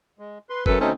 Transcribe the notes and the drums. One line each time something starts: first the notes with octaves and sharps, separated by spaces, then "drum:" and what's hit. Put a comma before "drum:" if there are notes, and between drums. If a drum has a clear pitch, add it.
G#3
B4 C6
F#2 E3 A4 B4, drum: kick
D2 B2 A3 C4 C#4 D#4